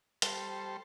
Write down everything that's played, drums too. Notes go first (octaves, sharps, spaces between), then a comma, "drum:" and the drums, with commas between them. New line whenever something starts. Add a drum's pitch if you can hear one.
G3 A4 C5, drum: hi-hat